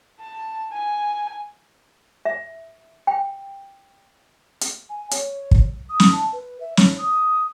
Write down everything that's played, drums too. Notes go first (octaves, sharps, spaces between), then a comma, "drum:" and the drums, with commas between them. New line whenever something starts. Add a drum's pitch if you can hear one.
A5
G#5
E5
G5
drum: hi-hat
G#5
C#5, drum: hi-hat
drum: kick
D#6
drum: snare
A5
B4
E5
C#5, drum: snare
D#6